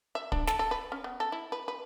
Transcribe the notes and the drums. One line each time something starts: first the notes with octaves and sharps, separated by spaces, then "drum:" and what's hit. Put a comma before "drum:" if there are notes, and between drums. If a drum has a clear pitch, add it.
E5
D4, drum: kick
A4, drum: snare
A4
B4
C#4
B3
A4
E4
B4
B4